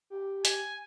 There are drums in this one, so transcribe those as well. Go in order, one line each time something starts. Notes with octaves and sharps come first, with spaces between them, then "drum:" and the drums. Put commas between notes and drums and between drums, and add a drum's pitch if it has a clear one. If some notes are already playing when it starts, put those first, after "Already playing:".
G4
G#5, drum: hi-hat